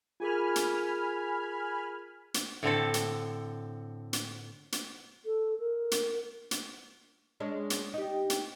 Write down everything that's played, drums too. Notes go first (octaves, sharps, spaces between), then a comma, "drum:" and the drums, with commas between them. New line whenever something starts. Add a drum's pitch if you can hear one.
F4 G#4 A#4 G#5 B5 F6
drum: hi-hat
drum: hi-hat
A2 D3 C4 A4
drum: hi-hat
drum: hi-hat
drum: hi-hat
A4
A#4
drum: hi-hat
drum: hi-hat
G#3 C#4 D4
drum: hi-hat
D#4 G4
drum: hi-hat